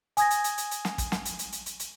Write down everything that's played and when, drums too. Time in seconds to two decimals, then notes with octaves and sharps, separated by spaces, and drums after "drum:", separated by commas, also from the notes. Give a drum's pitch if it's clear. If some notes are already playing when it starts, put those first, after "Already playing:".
0.17 G#5 D#6 G#6 A#6, drum: hi-hat
0.30 drum: hi-hat
0.44 drum: hi-hat
0.58 drum: hi-hat
0.71 drum: hi-hat
0.85 drum: snare
0.98 drum: kick, hi-hat
1.12 drum: snare
1.25 drum: hi-hat
1.39 drum: hi-hat
1.52 drum: hi-hat
1.66 drum: hi-hat
1.80 drum: hi-hat